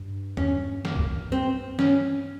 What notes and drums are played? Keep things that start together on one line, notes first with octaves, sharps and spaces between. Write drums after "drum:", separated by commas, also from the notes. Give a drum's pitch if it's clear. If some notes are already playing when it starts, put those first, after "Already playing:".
Already playing: G2
C#4, drum: tom E2
A#3, drum: snare E3
drum: kick
C4
C#4, drum: snare E3